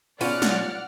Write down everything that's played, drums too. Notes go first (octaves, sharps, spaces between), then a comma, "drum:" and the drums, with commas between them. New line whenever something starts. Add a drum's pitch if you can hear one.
B2 C#4 F4 D5 F#5 F6, drum: open hi-hat
drum: snare